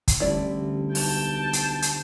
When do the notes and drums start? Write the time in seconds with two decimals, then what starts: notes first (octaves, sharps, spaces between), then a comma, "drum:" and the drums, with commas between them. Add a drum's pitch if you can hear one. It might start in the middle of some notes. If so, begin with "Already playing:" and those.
0.08 drum: kick, hi-hat
0.20 A1 D2 G3 E4 D5
0.95 B1 G5 A5, drum: open hi-hat
1.53 drum: hi-hat
1.82 drum: hi-hat